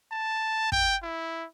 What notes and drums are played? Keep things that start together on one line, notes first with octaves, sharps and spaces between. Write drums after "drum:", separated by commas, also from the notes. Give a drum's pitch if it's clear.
A5
G5, drum: kick
E4